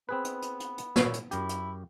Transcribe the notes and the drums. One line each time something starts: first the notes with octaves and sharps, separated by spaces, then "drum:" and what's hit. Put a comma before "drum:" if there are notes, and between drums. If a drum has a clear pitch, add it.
B3 C4 G#4 B4
drum: hi-hat
drum: hi-hat
drum: hi-hat
drum: hi-hat
A#2 C#5 E5, drum: snare
drum: hi-hat
F#2 E4 G4, drum: hi-hat
drum: hi-hat